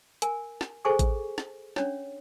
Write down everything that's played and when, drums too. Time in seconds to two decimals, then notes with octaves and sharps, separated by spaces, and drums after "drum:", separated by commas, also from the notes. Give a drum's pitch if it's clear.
0.22 A#4 G#5, drum: hi-hat
0.61 drum: snare
0.85 G#4 A4 C5 G#5 C#6 D6
0.99 drum: kick A1, hi-hat
1.38 drum: snare
1.76 C#4 D4 C#5, drum: snare